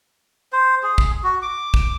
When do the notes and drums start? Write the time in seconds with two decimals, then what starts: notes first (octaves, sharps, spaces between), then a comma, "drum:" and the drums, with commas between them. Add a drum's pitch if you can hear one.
0.53 C5
0.83 G#4
0.98 drum: kick
1.23 F#4
1.42 D6
1.74 drum: kick